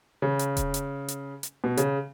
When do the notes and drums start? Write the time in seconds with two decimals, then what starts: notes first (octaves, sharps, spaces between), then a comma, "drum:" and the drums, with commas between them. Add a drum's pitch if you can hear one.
0.22 C#3
0.39 drum: hi-hat
0.57 drum: kick E1, hi-hat
0.74 drum: hi-hat
1.08 drum: hi-hat
1.43 drum: hi-hat
1.64 B2
1.77 C#3, drum: hi-hat